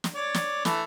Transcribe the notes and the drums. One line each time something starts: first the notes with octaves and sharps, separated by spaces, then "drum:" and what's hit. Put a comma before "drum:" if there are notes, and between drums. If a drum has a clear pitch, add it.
drum: snare
C#5 D5
drum: snare
E3 A3, drum: snare